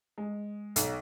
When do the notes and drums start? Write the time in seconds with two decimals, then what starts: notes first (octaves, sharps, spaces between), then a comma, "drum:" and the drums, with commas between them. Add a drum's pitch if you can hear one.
0.18 G#3
0.76 B1, drum: hi-hat